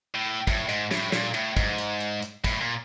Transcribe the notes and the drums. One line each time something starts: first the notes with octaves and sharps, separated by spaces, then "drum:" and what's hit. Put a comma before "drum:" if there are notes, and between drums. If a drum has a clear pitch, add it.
A2
A2, drum: kick, hi-hat
G#2, drum: hi-hat
A2, drum: snare
A#2, drum: snare
A2, drum: hi-hat
G#2, drum: kick, hi-hat
drum: hi-hat
drum: hi-hat
drum: hi-hat
A2, drum: kick, hi-hat
A#2